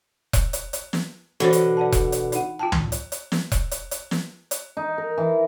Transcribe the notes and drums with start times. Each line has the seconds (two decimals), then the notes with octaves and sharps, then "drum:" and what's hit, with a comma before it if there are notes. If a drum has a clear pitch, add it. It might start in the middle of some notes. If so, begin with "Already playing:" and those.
0.33 drum: kick E1, hi-hat
0.53 drum: hi-hat
0.73 drum: hi-hat
0.93 drum: snare
1.40 B2 D3 E3 C5
1.53 drum: hi-hat
1.77 D5 F#5 A5
1.92 drum: kick E1, hi-hat
2.12 drum: hi-hat
2.32 D#4 F#5, drum: hi-hat
2.59 F4 G5 A5
2.72 drum: tom
2.92 drum: hi-hat
3.12 drum: hi-hat
3.32 drum: snare
3.52 drum: kick E1, hi-hat
3.71 drum: hi-hat
3.91 drum: hi-hat
4.11 drum: snare
4.51 drum: hi-hat
4.77 D#4
4.98 A#4
5.18 E3